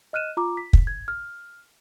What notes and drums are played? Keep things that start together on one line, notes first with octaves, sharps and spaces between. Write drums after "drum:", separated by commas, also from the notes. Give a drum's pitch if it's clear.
D#5 F6 F#6 D#7 E7
F4 A#5 D6
B6
drum: kick
G#6
F6